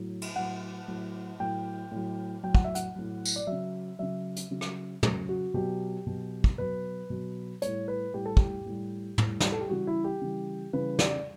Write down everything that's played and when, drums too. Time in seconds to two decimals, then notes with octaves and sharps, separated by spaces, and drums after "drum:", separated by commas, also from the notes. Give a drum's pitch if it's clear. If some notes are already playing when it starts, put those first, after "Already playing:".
Already playing: A2 F#3
0.22 drum: cymbal
0.36 A2 F#3 F#5
0.88 A2 F#3
1.40 A2 F#3 G5
1.91 A2 F#3
2.43 A2 F#3 G5
2.55 F#5, drum: kick
2.64 E5
2.75 F#5, drum: hi-hat
2.96 A2 F#3
3.25 drum: tambourine
3.36 D5
3.47 C#3 F#3 E5
3.99 C#3 F#3 E5
4.36 drum: hi-hat
4.51 C#3 F#3
4.61 drum: rim click
5.03 C#3 F#3, drum: tom
5.29 F#4
5.54 B2 F#3 G4
6.07 B2 F#3
6.44 drum: kick
6.58 B2 F#3 B4
7.10 B2 F#3
7.62 A2 G3 C#5, drum: hi-hat
7.88 B4
8.14 A2 G3 G4
8.26 A4
8.37 G4, drum: kick
8.66 A2 G3
9.18 A2 G3, drum: tom
9.40 drum: snare
9.52 A4
9.61 G4
9.69 C#3 E3 G3 F#4
9.87 E4
10.04 G4
10.21 C#3 E3 G3
10.73 C#3 E3 G3 B4
10.99 D5, drum: snare